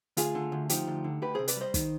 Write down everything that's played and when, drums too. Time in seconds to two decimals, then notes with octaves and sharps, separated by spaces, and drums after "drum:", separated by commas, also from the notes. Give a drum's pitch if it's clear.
0.17 D2 F4 G#4, drum: hi-hat
0.35 D3
0.52 D2
0.69 F3 D#4 G4, drum: hi-hat
0.87 D2
1.04 D3
1.22 D2 G4 B4
1.35 C3 G#4 C5
1.48 B4 D5, drum: hi-hat
1.57 G3 C5 D#5
1.74 D#3, drum: kick, hi-hat